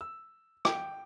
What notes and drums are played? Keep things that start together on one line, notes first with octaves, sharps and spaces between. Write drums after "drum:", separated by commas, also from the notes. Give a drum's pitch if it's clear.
E6
G5, drum: rim click